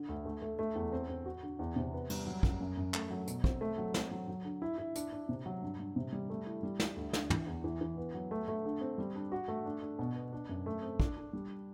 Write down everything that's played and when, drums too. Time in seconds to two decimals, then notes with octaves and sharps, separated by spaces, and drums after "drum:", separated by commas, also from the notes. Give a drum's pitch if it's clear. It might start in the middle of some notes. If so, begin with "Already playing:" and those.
Already playing: D3
0.09 D2
0.25 A3
0.42 A3
0.59 A3
0.75 E2
0.92 C4
1.09 C4
1.26 F#4
1.43 D3
1.59 E2
1.76 C3
1.93 B3
2.10 G3, drum: cymbal
2.26 F#3
2.43 F#2, drum: kick
2.60 F#2
2.77 F#2
2.94 A3, drum: clap
3.10 F#3
3.27 B2, drum: hi-hat
3.44 C4, drum: kick
3.61 A3
3.78 F#3
3.94 C4, drum: snare
4.11 F#3
4.28 F#3
4.45 D3
4.62 E4
4.78 E4
4.95 D4, drum: hi-hat
5.12 D4
5.29 C3
5.46 F#3
5.62 G2
5.79 G2
5.96 C3
6.12 G3
6.30 A3
6.47 E4
6.63 G3
6.80 G3, drum: snare
6.97 D2
7.13 D3, drum: snare
7.30 E3, drum: tom
7.47 E2
7.64 E3
7.81 E3
7.97 B3
8.14 F#3
8.31 A3
8.48 A3
8.65 D3
8.81 C4
8.98 G3
9.15 D4
9.32 F#4
9.48 A3
9.65 D4
9.82 D4
9.99 B2
10.15 B3
10.32 D4
10.49 F#2
10.66 A3
10.83 C4
11.00 D4, drum: kick
11.16 D4
11.33 G3